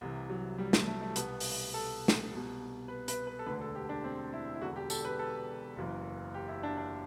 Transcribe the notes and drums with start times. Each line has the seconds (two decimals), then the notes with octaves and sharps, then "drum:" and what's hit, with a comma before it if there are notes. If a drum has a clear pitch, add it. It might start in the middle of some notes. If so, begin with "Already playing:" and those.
0.01 C2 C3 E3
0.30 F#3
0.58 G3
0.73 A3, drum: snare
0.87 A3
1.01 A3
1.16 C2 B2 B3, drum: hi-hat
1.40 drum: open hi-hat
1.74 A4
2.08 drum: snare
2.31 C2 B2
2.88 B4
3.08 B4, drum: hi-hat
3.27 B4
3.39 A4
3.46 E1 D2 D3 B4
3.61 A4
3.75 G4
3.89 D4
4.04 C4
4.33 E4
4.54 E4
4.61 E1 E2 D3 F#4
4.76 G4
4.90 A4, drum: tambourine
5.05 B4
5.19 A4
5.76 F#1 F#2 E3
6.34 G4
6.48 E4
6.63 D4
6.78 D4